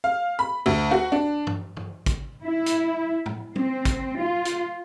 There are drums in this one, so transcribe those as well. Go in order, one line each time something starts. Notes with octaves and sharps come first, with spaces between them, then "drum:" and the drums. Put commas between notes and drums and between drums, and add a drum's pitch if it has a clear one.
F5
B5
D2
F#4
D4
drum: tom
drum: tom
drum: kick, hi-hat
E4
drum: hi-hat
drum: tom
C4, drum: tom
drum: kick, hi-hat
F4
drum: hi-hat